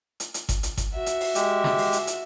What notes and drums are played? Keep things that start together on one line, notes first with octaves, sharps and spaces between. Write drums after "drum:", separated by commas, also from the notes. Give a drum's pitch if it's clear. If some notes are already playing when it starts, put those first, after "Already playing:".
drum: hi-hat
drum: hi-hat
drum: kick G1, hi-hat
drum: hi-hat
drum: kick G1, hi-hat
F#4 E5
drum: hi-hat
drum: open hi-hat
G#3 G4, drum: hi-hat
drum: snare
drum: open hi-hat
drum: hi-hat
drum: hi-hat